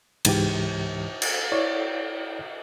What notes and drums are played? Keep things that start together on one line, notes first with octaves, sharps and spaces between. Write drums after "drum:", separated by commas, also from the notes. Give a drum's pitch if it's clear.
C#2 G#2 E3 G4, drum: cymbal
drum: cymbal
E4 C#5 D5